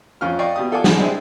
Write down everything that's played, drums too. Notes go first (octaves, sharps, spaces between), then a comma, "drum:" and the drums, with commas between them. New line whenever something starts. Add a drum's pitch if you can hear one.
F2 C#4 F4 F6
D5 D#5 F5 G5 C#6
B2 G4 D#6
F4 A4 D5 F#5 G#5 D6
F#2 D3 G#4 F#5, drum: snare
G#3 C4 D4 E4 G4 G#4